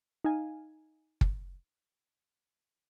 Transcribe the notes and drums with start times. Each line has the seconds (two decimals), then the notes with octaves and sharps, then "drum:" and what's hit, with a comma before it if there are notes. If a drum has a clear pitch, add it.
0.24 D#4 F5 G#5
1.21 drum: kick